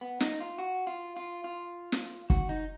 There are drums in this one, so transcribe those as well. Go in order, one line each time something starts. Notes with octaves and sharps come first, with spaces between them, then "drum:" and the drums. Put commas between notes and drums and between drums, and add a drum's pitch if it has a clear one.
B3
D#4, drum: snare
F4
F#4
F4
F4
F4
drum: snare
F#4, drum: kick
D#4